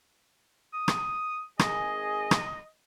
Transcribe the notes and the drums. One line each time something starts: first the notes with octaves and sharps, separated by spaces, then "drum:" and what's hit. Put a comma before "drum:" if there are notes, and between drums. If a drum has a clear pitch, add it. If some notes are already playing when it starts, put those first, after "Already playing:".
D#6
drum: rim click
G#1 G#4 D#5, drum: rim click
drum: rim click